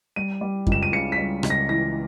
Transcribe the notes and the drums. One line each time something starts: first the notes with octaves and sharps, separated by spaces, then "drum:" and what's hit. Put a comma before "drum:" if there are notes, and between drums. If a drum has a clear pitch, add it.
G3 D#7
G3
C#2, drum: kick F#2
E7
D#7
C#3 C#7
B6
G3
C#2, drum: rim click
A#6
E3 A#6